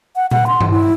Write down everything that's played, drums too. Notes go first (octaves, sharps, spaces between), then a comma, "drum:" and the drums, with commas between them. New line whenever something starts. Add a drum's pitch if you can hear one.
F#5
F#5, drum: tom A#2
C6
drum: tom G2
E4